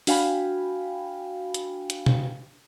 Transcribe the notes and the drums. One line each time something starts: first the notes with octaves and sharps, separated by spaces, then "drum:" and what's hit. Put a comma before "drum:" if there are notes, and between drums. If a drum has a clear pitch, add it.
D4 F#4 F5 G5 G#5 B5, drum: open hi-hat
drum: hi-hat
drum: hi-hat
drum: tom